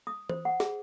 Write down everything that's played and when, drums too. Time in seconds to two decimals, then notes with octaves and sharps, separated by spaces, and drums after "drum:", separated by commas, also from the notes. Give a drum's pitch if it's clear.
0.07 D#6
0.29 C5, drum: tom E3
0.45 F#5
0.60 G#4, drum: snare